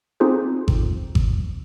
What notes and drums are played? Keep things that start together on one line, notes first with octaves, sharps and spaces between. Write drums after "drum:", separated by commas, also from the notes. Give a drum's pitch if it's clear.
C4 D#4 F4 G#4 A4 C5
drum: kick G#1
drum: kick G#1